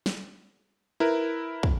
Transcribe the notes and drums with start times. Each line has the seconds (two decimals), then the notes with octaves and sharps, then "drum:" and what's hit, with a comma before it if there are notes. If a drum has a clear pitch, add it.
0.06 drum: snare
1.00 E4 A#4 B4
1.63 drum: kick